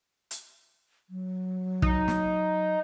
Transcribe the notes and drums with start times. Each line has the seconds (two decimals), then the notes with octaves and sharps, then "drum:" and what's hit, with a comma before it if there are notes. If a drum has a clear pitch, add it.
0.31 drum: hi-hat
1.10 F#3
1.82 D#4, drum: kick
2.08 drum: snare